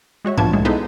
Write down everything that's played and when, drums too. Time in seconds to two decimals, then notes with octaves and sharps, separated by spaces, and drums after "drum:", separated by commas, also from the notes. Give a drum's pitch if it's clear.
0.25 G#3 F#4 C#5 E5
0.38 C#2 F3 B3 D4 A5 G#6, drum: tom
0.53 C2 A2 G#3 A3
0.65 B3 D#4 E4 G#4 A4 C5